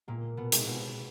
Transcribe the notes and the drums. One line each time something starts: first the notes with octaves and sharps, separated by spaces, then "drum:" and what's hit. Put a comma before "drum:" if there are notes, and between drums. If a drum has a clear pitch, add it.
C#2 A#2 A#3
B2 B3
C3 D#3 G#3, drum: hi-hat
B2 B3